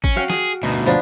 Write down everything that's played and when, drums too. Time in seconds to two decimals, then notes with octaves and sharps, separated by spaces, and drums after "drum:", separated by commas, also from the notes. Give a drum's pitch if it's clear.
0.04 C#4, drum: kick G#1
0.16 F#4 F5 G5
0.30 G#4, drum: snare
0.63 D2 B2 D#4
0.86 F3 B3 D4